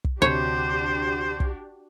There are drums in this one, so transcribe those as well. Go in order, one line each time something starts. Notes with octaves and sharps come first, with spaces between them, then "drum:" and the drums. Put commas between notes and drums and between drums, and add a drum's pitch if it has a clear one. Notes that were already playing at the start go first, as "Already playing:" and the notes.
drum: kick
D2 C3 D4 F#4 G4 C5 C#5
drum: kick